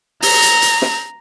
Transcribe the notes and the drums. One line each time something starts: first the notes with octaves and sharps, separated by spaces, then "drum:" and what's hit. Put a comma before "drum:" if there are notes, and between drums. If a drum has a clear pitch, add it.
A#5, drum: open hi-hat
drum: hi-hat
drum: hi-hat
drum: snare